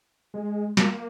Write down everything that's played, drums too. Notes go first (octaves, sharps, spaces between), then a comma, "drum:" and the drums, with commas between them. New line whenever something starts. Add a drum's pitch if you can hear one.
G#3
A#3, drum: snare